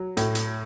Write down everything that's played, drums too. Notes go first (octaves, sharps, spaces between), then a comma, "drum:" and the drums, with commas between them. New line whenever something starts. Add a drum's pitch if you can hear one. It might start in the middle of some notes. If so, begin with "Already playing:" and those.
Already playing: F#3
A2, drum: hi-hat
drum: hi-hat